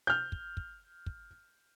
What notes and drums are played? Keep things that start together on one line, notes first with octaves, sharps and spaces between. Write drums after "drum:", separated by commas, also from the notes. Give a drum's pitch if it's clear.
F6 G6
drum: kick
drum: kick
drum: kick